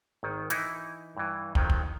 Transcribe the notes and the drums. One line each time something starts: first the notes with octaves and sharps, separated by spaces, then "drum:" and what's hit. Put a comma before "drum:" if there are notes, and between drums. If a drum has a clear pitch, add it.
G#1 D#3
E3 D#4 E4, drum: hi-hat
G2 E3
F2 D#3 F3 F#3, drum: kick
drum: kick